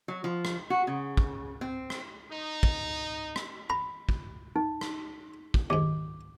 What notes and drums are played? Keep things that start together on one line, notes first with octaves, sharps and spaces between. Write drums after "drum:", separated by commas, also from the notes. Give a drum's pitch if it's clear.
F#3
F3
drum: rim click
F#4
C#3
drum: kick
C4
drum: rim click
D#4
drum: kick
drum: rim click
A#5 B5
drum: kick
D#4
drum: rim click
drum: kick
D#2 G#2 D6